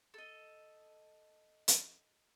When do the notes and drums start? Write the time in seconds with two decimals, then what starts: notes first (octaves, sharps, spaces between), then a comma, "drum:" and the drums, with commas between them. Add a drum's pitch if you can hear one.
0.14 A4 D#5
1.68 drum: hi-hat